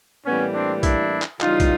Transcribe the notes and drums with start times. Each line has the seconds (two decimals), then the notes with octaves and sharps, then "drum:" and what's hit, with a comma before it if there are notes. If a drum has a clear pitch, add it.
0.26 A2 E3 G3 A#3 B3 C#4
0.54 C4 D4
0.83 D4 E4, drum: kick, hi-hat
1.22 drum: clap
1.40 C#3 E3 G3 D#4 F4, drum: clap
1.60 drum: kick, hi-hat